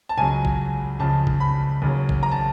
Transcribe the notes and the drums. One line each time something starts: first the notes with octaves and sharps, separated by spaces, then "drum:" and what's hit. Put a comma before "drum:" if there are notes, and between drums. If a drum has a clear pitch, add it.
A5
C#2 C#3 F#3 G#5
drum: kick A1
C#2 C#3 F3 A5
drum: kick A1
B5
D#2 C#3 F#3
drum: kick A1
A#5
A5